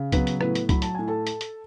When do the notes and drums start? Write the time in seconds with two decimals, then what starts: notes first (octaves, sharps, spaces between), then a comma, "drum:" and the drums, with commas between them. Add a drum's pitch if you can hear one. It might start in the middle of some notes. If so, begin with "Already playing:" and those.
Already playing: C#3
0.12 F#3 B3 B4, drum: kick C2, hi-hat
0.27 drum: hi-hat
0.41 A2 B3 B4, drum: rim click
0.55 drum: hi-hat
0.69 F#3 B5, drum: kick C2, hi-hat
0.82 A5, drum: hi-hat
0.95 A2 G#5
1.08 A4 A5
1.27 drum: hi-hat
1.41 drum: hi-hat